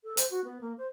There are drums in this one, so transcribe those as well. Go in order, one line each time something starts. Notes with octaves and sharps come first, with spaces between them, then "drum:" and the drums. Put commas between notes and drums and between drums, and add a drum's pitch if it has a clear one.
A4
C5, drum: hi-hat
F#4
B3
A#3
C5